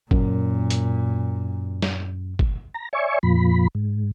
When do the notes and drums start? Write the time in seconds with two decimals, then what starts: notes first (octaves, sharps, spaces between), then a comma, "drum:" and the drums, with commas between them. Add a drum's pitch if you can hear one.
0.11 F#2 A#2, drum: kick
0.70 drum: hi-hat
1.82 drum: snare
2.39 drum: kick
2.74 A#5
2.93 C#5 D5 E5 G#5 C#6
3.23 F2 A#2 F3 B5
3.75 G#2